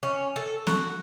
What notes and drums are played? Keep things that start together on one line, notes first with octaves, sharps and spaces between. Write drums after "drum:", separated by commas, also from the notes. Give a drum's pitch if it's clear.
C#4
A4
F#4, drum: snare